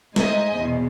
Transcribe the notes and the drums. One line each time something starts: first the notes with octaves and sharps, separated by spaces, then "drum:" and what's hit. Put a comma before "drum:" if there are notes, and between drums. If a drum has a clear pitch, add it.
G#3 D#4 C5 D#5 E5 G#5, drum: snare
E2 B2